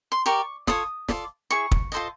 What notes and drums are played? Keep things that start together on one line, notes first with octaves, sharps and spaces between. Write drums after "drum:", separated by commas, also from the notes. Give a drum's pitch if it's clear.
C6
G4 A#4 D5 C#6
F4 A4 C#5 D#6, drum: snare
F4 A4 D5, drum: snare
E4 G#4 C#6
drum: kick
F4 A4 C5 D#5